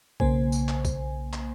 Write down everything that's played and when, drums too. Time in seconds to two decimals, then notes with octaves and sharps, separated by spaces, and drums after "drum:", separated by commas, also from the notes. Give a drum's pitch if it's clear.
0.20 B1 C#3 A#3 C5 G#5, drum: kick
0.52 drum: tambourine
0.68 drum: clap
0.85 drum: kick, tambourine
1.33 drum: clap